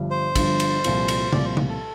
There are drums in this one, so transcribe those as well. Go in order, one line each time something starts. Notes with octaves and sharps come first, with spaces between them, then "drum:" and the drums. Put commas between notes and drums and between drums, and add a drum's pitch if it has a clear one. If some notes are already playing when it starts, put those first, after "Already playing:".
Already playing: G1 G2 F3
C5
G1 G2 F3, drum: kick, cymbal
drum: cymbal
C2 A#2 F3, drum: cymbal
drum: cymbal
C2 A#2 F3 D5, drum: tom C#3
C5
drum: tom C#3
A4